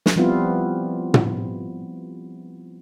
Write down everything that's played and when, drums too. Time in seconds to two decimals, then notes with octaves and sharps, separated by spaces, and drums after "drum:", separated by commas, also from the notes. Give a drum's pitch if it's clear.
0.06 drum: snare
0.16 F3 G3 B3 C4 E4 F4
1.14 drum: tom